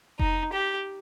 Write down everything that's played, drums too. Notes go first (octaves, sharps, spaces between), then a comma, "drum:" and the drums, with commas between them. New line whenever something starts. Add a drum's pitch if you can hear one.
D#4, drum: kick F1
G4